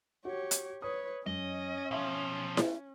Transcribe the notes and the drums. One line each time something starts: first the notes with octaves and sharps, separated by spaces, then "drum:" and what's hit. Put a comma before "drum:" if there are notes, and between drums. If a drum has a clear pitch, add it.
F#4 G4 C#5
drum: hi-hat
B4 C#5 D#6
F#2 C#4 D#5
B2 F3 E5 F5
drum: snare E4